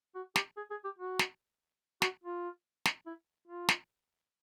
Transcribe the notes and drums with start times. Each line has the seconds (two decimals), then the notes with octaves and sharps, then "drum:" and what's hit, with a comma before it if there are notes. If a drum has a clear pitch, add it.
0.15 F#4
0.36 G4, drum: snare
0.57 G#4
0.71 G#4
0.84 G4
0.98 F#4
1.19 drum: snare
2.02 F#4, drum: snare
2.24 F4
2.85 drum: snare
3.06 E4
3.48 F4
3.69 drum: snare